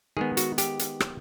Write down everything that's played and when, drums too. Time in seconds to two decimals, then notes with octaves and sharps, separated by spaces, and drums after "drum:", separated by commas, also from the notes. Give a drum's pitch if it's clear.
0.17 D#3 G#3 B3 G#4
0.37 F#4, drum: hi-hat
0.58 G4, drum: hi-hat
0.79 drum: hi-hat
1.00 drum: rim click